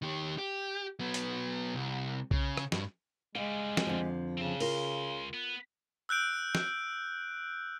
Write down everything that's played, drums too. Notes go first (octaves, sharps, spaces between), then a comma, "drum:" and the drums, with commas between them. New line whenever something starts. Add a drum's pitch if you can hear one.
D#3 G4
G4
F#3 B3
drum: hi-hat
C2
C#3, drum: kick B1
drum: rim click
G2, drum: snare
C#3 G3 G#3 F5
drum: snare
F2 D3 F3
C#3 C4 A5
C#2 F4 A#4 C6, drum: open hi-hat
B3
E6 F#6 G6 D7
drum: snare